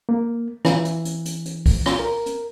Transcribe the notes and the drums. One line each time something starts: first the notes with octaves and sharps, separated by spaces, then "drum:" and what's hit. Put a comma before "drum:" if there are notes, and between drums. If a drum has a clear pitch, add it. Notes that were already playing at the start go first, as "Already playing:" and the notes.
A#3
E3, drum: rim click
drum: hi-hat
drum: hi-hat
drum: hi-hat
drum: hi-hat
drum: kick C2, open hi-hat
drum: rim click
A#4
drum: hi-hat